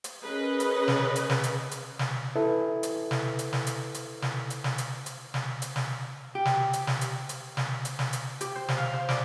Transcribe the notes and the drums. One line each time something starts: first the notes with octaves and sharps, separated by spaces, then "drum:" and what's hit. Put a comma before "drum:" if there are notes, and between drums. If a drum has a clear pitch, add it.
drum: hi-hat
C#4 G#4 A#4 B4 D#5
drum: hi-hat
drum: snare
drum: hi-hat
drum: snare
drum: hi-hat
drum: hi-hat
drum: snare
E4 A4 B4
drum: hi-hat
drum: snare
drum: hi-hat
drum: snare
drum: hi-hat
drum: hi-hat
drum: snare
drum: hi-hat
drum: snare
drum: hi-hat
drum: hi-hat
drum: snare
drum: hi-hat
drum: snare
G4
drum: snare
drum: hi-hat
drum: snare
drum: hi-hat
drum: hi-hat
drum: snare
drum: hi-hat
drum: snare
drum: hi-hat
G4, drum: hi-hat
C5
drum: snare
F5
C5
D5, drum: snare